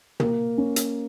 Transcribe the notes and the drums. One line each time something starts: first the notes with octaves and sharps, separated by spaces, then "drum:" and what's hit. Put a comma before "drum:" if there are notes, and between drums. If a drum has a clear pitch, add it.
A#3, drum: tom
C#4
drum: hi-hat